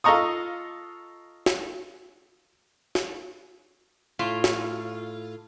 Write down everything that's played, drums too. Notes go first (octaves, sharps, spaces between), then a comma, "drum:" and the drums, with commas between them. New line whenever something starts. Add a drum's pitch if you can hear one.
F4 A4 D#5 A#5 C#6 D#6
drum: snare
drum: snare
A2 F4
drum: snare